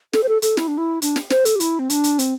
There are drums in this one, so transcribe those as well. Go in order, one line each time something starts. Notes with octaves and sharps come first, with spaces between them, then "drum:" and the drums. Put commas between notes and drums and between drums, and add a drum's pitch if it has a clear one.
A4, drum: snare
C5
A4
A4, drum: hi-hat
E4, drum: snare
D4
E4
D4, drum: hi-hat
drum: snare
C5, drum: snare
A4, drum: hi-hat
G4
E4, drum: hi-hat
C4
D4, drum: hi-hat
drum: hi-hat
C4, drum: hi-hat